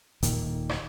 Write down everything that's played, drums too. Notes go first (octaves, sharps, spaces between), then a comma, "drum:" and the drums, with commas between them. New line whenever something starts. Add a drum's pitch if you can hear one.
D#1 A#2 D#3 A#3, drum: hi-hat
drum: rim click